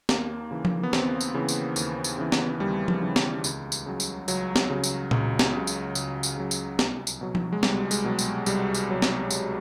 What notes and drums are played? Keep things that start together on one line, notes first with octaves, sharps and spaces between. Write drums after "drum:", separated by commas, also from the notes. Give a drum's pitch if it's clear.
D#2 A#3, drum: snare
C#3 E3
drum: tom F3
B3
D#2 C4, drum: snare
drum: tambourine
C#3 E3
drum: tambourine
D#2, drum: tambourine
drum: tambourine
C#3 E3
drum: snare
D#2 G3
drum: tom F3
C#3 E3
drum: snare
C#2, drum: tambourine
drum: tambourine
C#3 F#3
drum: tambourine
C#2 F#3, drum: tambourine
drum: snare
C#3 F#3
drum: tambourine
C#2, drum: tom A#2
drum: snare
C#3 F#3
drum: tambourine
C#2, drum: tambourine
drum: tambourine
C#3 F#3
drum: tambourine
C2, drum: snare
drum: tambourine
B2 F#3
drum: tom F3
G#3
C2 G3, drum: snare
G#3, drum: tambourine
B2 F#3
drum: tambourine
C2 G3, drum: tambourine
drum: tambourine
B2 F#3
drum: snare
C2, drum: tambourine